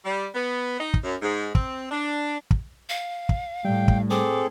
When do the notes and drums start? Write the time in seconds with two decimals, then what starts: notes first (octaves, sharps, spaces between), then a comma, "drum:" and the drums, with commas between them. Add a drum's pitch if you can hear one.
0.05 G3
0.35 B3
0.80 D#4
0.94 drum: kick
1.03 F#2
1.22 G#2
1.55 C4, drum: kick
1.91 D4
2.51 drum: kick
2.89 F5
3.29 drum: kick
3.65 A2 G3 G5
3.88 drum: kick
4.10 C4 G#4 A4 D6